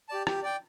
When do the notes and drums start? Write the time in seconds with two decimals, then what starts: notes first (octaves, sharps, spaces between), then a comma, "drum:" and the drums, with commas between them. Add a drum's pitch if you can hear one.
0.09 G4 D5 A5
0.27 G4, drum: rim click
0.43 D5 G5